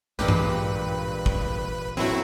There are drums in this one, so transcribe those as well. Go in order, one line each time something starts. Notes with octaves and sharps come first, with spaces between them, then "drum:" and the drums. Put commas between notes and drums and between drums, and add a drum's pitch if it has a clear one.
A#1 G2 A#2 E3 G#3 A#3 G4 B4
drum: tom G2
drum: kick
F#2 B2 F#3 A3 C4 E4 F#4